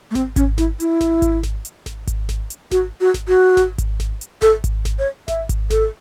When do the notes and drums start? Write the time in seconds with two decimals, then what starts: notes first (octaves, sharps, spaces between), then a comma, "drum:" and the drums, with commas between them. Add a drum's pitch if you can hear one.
0.11 A3
0.15 C4, drum: snare G#1
0.36 C#4, drum: kick G#1, hi-hat
0.58 E4, drum: snare G#1
0.80 E4, drum: hi-hat
1.01 drum: snare G#1
1.22 drum: kick G#1, hi-hat
1.43 drum: snare G#1
1.65 drum: hi-hat
1.86 drum: snare G#1
2.07 drum: kick G#1, hi-hat
2.29 drum: snare G#1
2.50 drum: hi-hat
2.71 F#4, drum: snare G#1
3.01 F#4
3.14 drum: snare G#1
3.28 F#4
3.57 drum: snare G#1
3.78 drum: kick G#1, hi-hat
4.00 drum: snare G#1
4.21 drum: hi-hat
4.42 A4, drum: snare G#1
4.64 drum: kick G#1, hi-hat
4.85 drum: snare G#1
4.99 C#5
5.28 E5, drum: snare G#1
5.49 drum: kick G#1, hi-hat
5.70 A4, drum: snare G#1